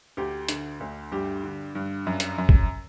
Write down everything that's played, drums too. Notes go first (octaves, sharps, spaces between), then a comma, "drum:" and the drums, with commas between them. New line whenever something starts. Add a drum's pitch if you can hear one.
D2 G4
D3, drum: hi-hat
D2
G2 G4
D3
G2
F#2
drum: hi-hat
F#2
drum: kick